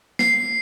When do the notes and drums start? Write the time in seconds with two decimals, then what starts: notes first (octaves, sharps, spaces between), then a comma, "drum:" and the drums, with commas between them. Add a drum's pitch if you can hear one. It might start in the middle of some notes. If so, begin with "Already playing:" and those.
0.19 C7, drum: snare